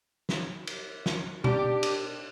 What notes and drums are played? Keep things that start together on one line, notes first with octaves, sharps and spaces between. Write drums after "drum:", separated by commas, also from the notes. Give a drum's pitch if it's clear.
drum: snare
drum: cymbal
drum: snare
D4 G4, drum: tom B2
drum: cymbal